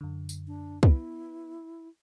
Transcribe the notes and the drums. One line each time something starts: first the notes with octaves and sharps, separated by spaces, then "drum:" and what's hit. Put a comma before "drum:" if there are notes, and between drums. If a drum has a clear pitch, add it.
F#2 D3
drum: tambourine
D4
B3 E4, drum: kick